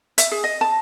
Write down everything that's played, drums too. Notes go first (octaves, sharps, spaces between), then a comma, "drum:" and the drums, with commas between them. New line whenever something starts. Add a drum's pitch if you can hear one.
E5, drum: hi-hat
G#4
D#5
A5